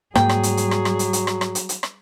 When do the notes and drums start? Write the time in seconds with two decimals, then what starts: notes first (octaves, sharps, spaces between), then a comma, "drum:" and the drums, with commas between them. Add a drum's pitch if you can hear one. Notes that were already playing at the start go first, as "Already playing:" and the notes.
0.15 G#2 F#3 G3 A#3 G#4 G5, drum: rim click
0.29 drum: rim click
0.43 drum: hi-hat
0.57 drum: hi-hat
0.71 drum: rim click
0.85 drum: rim click
0.99 drum: hi-hat
1.13 drum: hi-hat
1.27 drum: rim click
1.41 drum: rim click
1.55 drum: hi-hat
1.69 drum: hi-hat
1.83 drum: rim click